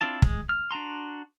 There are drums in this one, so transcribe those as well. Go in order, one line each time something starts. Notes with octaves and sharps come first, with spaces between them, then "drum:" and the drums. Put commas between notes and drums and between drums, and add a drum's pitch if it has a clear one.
C4 D4 E4 F4 A5
G#3, drum: kick
F6
D4 F#4 A#5 C6